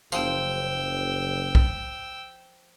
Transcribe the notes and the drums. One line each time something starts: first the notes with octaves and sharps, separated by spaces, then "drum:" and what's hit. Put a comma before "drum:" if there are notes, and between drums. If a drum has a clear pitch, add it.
F#1 F3 G5 E6, drum: tambourine
drum: kick B1